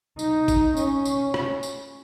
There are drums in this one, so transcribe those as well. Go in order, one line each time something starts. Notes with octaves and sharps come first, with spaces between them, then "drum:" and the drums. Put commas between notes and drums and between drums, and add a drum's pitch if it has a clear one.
D#4, drum: tambourine
drum: kick G1, tambourine
C#4, drum: tambourine
drum: tambourine
drum: rim click
drum: tambourine